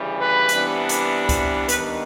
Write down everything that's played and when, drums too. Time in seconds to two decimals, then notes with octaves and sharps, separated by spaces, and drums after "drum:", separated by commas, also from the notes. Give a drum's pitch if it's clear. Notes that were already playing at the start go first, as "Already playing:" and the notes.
Already playing: D2 C#3 E3 G3
0.20 B4
0.49 C3 E3 G3 B3 D4, drum: hi-hat
0.89 drum: hi-hat
1.29 drum: kick C#2, hi-hat
1.69 D#2 D#3 G3 B3 D4 B4, drum: hi-hat